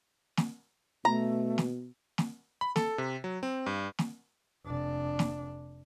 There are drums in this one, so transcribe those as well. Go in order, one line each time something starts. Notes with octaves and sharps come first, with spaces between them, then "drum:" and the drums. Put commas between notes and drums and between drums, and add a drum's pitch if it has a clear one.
drum: snare
B2 A3 A#5
drum: snare
drum: snare
B5
A4, drum: snare
C3
F#3
C4
G2
drum: snare
F1 D4
drum: snare